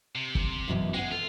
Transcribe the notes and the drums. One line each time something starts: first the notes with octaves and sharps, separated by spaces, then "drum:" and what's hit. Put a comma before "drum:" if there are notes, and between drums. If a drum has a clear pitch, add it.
C3
drum: kick
F#2 B2 E3
G#3 F#5 G5
F4 A4